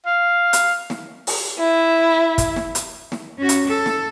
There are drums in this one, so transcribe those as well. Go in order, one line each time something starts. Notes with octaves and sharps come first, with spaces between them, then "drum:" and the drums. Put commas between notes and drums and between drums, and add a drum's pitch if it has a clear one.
F5
drum: hi-hat
drum: snare
drum: open hi-hat
E4
drum: kick, hi-hat
drum: snare
drum: hi-hat
drum: snare
C#4 F#4
drum: hi-hat
A4
drum: snare